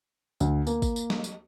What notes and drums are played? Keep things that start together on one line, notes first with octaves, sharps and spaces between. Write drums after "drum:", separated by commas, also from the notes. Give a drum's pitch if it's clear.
D2, drum: tambourine
A#3, drum: tambourine
drum: kick G#1, tambourine
drum: tambourine
drum: snare
drum: tambourine